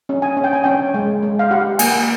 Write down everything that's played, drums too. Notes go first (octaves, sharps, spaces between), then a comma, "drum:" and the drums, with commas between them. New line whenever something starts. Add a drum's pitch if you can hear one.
C#4
G#5
C#4
G5
G#5
C#4 G5
G#3
G#3
F5
G4 F#5
A#3 G#5, drum: cymbal